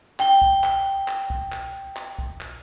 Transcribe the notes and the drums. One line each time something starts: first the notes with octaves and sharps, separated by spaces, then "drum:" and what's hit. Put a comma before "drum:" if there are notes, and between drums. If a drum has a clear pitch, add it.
G5 G7, drum: clap
drum: kick
drum: clap
drum: clap
drum: kick
drum: clap
drum: clap
drum: kick
drum: clap